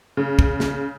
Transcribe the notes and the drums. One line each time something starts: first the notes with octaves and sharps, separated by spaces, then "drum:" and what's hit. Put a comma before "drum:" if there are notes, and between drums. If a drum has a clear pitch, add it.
C#3
drum: kick
drum: snare